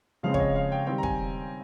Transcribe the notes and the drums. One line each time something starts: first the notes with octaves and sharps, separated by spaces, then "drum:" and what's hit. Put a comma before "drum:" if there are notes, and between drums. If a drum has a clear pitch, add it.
C#3 F3 G#3 C4 F5
C#5, drum: kick
D#5
F5
G5
D#3 G3 C4 G5
A#5
G#5, drum: kick